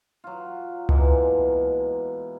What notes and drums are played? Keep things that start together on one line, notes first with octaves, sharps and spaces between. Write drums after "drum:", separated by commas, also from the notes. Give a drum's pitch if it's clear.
F#3 F4
B2 E3 G#3 A#3, drum: tom C#2